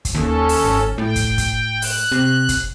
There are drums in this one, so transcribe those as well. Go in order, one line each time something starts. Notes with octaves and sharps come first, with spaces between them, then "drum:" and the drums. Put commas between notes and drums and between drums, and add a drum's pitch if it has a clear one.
drum: kick, hi-hat
D#2 C#4 A4
drum: open hi-hat
G#1
A2 G5
drum: kick, hi-hat
drum: kick, hi-hat
F#6, drum: open hi-hat
C3
drum: kick, hi-hat